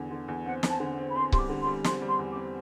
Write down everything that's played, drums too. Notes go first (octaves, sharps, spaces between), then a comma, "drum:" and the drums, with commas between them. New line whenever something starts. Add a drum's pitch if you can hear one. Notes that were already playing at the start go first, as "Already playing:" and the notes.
Already playing: E2 D3
D3
E2
C4 F#5
C4, drum: snare
A5
D3
C4
B5
C4 C6
G3 C6, drum: kick C#1
D6
D3
C6
G3
C4 C6, drum: snare
G3
C6
E2
D6
C4